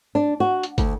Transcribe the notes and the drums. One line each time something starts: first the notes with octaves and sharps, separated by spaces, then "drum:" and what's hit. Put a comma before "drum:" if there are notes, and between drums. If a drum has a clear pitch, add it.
D4
F#4
drum: hi-hat
D2, drum: kick, hi-hat